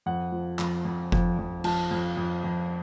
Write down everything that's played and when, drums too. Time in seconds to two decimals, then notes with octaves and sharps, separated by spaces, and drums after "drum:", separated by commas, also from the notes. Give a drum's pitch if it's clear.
0.06 F2 F#5
0.32 F3
0.59 F2, drum: clap
0.85 F2
1.12 F2, drum: kick F1
1.38 F2
1.64 F3 A5, drum: cymbal
1.91 F2
2.17 F2
2.44 F2